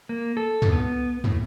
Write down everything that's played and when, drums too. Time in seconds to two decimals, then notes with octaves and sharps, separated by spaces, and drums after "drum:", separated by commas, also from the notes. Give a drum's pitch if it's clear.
0.09 A#3
0.37 A4
0.62 drum: tom
0.72 B3
1.24 A2, drum: tom